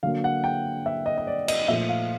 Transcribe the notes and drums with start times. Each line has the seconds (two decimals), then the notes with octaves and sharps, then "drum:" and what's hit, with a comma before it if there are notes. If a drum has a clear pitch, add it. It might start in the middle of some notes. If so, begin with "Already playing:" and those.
0.03 D3 F#3 A#3 F5
0.24 F#5
0.44 G5
0.86 E5
1.06 D#5
1.18 D#5
1.27 D5
1.48 D#5, drum: cymbal
1.68 A#2 F3 A3 E5
1.89 F5